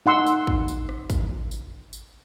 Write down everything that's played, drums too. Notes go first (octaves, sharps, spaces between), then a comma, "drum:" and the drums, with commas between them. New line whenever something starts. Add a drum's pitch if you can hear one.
D#4 F#5 C6 E6
drum: tambourine
drum: kick
drum: tambourine
drum: rim click
drum: kick, tambourine
drum: tambourine
drum: tambourine